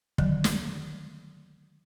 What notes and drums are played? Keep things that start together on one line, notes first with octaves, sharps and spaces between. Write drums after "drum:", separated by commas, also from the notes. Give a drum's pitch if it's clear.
D3 D#3 F#3, drum: kick
drum: snare